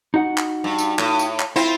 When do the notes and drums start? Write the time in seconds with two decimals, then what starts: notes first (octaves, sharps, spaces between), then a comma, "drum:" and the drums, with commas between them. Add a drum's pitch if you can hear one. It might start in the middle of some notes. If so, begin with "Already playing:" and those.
0.14 D#4 F#4 F#5
0.38 drum: clap
0.64 G2
0.78 drum: tambourine
0.99 A2, drum: clap
1.19 drum: tambourine
1.40 drum: clap
1.56 C4 E4 F4 C5